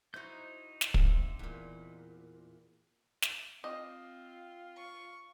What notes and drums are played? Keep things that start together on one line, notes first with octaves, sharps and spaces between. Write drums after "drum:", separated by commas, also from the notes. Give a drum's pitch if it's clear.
D#4 E4 F#4 C5 G6
drum: snare
C3 C4 F5, drum: kick
E2 A#2
drum: snare
C4 F4 D#5
C#6